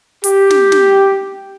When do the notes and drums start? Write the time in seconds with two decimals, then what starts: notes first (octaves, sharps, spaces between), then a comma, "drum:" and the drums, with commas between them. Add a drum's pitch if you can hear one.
0.24 G4, drum: hi-hat
0.50 drum: snare
0.72 drum: snare